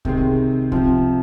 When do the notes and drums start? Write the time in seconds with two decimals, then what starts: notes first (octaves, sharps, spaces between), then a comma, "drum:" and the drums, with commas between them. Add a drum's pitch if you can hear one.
0.05 C3 D#3 G#3 C4, drum: kick C2
0.72 C3 F3 C4, drum: kick C2